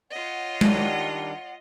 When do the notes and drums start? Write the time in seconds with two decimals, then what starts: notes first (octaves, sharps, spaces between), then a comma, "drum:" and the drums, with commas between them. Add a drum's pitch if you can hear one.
0.11 F4 C#5 D#5 F#5
0.61 D#3 G3 D4, drum: tom G#3